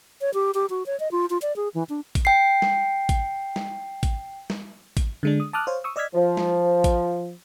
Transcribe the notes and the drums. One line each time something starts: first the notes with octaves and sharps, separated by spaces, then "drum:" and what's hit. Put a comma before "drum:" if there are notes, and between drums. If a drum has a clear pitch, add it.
C#5
G4
G4
F#4
C#5
D#5
F4
F4
D5
G#4
E3
D4
drum: kick, hi-hat
G5 C7
drum: snare
drum: kick, hi-hat
drum: snare
drum: kick, hi-hat
drum: snare
drum: kick, hi-hat
D3 G#3 D4
D#6
A5 D6 D#6 F6 F#6
C5 C#5 F5
C#6 D#6 E6
D5 D#5 E6 F6 G#6 B6
F3
drum: snare
drum: kick, hi-hat